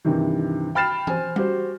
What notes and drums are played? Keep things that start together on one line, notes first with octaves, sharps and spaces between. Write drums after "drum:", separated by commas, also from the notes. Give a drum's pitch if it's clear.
G2 C3 D#3 E3
G5 B5 F6 A6 C7 E7
C5 G#5, drum: tom E3
F#4 G4 C5, drum: tom G3